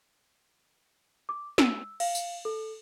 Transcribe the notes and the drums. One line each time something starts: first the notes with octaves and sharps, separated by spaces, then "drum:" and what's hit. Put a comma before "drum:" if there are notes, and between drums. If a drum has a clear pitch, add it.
D6
E6, drum: snare
F5, drum: cymbal
drum: tambourine
A4